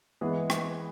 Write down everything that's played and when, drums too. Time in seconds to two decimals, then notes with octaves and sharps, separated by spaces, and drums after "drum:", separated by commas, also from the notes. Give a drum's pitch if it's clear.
0.21 E3 G#3 B3 G#4
0.50 drum: rim click